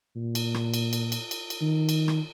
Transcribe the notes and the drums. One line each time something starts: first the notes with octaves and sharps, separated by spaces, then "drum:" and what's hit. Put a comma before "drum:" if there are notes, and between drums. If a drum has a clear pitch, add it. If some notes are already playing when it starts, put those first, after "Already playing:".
A#2
drum: cymbal
drum: rim click
drum: cymbal
drum: cymbal
drum: cymbal
drum: cymbal
drum: cymbal
D#3
drum: cymbal
drum: rim click